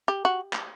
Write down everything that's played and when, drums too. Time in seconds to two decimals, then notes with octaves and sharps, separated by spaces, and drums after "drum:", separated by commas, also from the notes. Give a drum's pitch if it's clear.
0.08 G4
0.25 F#4
0.53 drum: clap